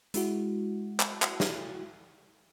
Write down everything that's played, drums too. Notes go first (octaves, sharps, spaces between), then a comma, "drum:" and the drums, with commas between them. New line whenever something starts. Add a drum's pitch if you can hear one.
G#3 E4 F#4, drum: hi-hat
drum: clap
drum: clap
drum: snare